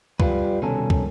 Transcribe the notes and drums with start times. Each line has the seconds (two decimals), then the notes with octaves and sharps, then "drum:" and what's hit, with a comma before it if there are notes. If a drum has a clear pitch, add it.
0.20 G3 F4 B4, drum: kick
0.62 C2 B2 D#3 C#4 A4 A#4
0.90 drum: kick